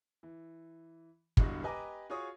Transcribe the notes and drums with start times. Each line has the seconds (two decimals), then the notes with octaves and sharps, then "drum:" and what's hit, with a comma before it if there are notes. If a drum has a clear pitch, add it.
0.23 E3
1.37 E1 E2 G2 D3 F#4 D#5, drum: kick
1.63 G4 B4 D#5 G#5 A#5 D6
2.10 F4 F#4 G#4 C#5 D#6